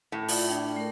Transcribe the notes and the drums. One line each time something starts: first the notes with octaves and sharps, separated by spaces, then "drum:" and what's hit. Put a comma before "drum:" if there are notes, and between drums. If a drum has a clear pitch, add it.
A2
F4 D5 E5, drum: open hi-hat
D4 G5
A3 A#4